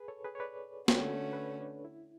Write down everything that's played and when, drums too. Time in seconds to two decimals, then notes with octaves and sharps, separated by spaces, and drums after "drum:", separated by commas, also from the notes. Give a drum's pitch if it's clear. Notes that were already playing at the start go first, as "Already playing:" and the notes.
Already playing: G#4 B4
0.08 A4 C#5
0.24 G#4 B4
0.35 C#5
0.40 B4 D5
0.88 D3 A3 C#4 F#4, drum: snare
1.33 B4
1.37 A4 C#5
1.61 D4
1.85 E4